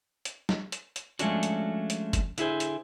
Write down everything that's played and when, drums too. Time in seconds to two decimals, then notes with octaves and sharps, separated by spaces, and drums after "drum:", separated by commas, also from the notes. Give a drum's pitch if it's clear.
0.25 drum: hi-hat
0.49 drum: snare
0.72 drum: hi-hat
0.96 drum: hi-hat
1.19 F3 G#3 A3 C#4 D4 F#4, drum: hi-hat
1.43 drum: hi-hat
1.90 drum: hi-hat
2.13 drum: kick G1, hi-hat
2.38 D3 E4 G#4 C5, drum: hi-hat
2.60 drum: hi-hat